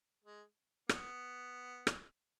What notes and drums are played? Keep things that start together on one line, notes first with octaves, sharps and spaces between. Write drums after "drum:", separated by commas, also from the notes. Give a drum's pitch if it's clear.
G#3
B3, drum: rim click
drum: rim click